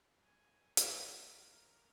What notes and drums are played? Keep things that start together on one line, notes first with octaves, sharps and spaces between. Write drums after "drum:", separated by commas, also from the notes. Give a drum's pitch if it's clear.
G#5
B6, drum: hi-hat
A#4